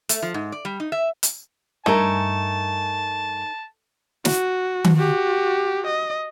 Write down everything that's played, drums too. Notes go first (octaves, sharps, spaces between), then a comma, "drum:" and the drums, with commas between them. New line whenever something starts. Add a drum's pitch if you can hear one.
A3, drum: hi-hat
F3
G#2
D5
G3
D#4
E5
drum: hi-hat
G2 A3 D#4 A#4 G#5 A5
F#4, drum: snare
drum: tom D#3
F#4 G4
D#5